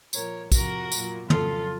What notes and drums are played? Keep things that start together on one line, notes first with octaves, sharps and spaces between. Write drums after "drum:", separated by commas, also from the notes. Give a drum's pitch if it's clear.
A#2 F3 A#4 C#5, drum: tambourine
F2 C3 F3 F#4 A#4, drum: kick A#1, tambourine
A#2 F#3, drum: tambourine
F2 C#3 F#3 F4 A4, drum: tom